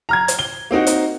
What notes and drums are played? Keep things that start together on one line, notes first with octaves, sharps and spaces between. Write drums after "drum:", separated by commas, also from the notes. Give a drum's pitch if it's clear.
A#5 F6 G#6
drum: hi-hat
G7
A#3 C4 D#4 F#4
drum: hi-hat